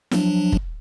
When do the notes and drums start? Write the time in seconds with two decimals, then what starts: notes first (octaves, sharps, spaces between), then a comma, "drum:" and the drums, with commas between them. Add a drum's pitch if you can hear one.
0.11 F3 F#3 D4, drum: snare
0.52 drum: kick